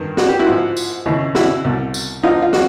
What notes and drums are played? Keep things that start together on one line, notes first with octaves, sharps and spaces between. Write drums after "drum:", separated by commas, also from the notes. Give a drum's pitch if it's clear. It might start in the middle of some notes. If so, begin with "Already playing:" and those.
Already playing: G2 D#3
F#4, drum: snare
G4
E4 F#4
G#2 F3
drum: tambourine
D#2 C#3 E3
E4 F#4, drum: snare
C2 B2
drum: tambourine
D2 D3 F3 D#4 F4
F4
F#4, drum: snare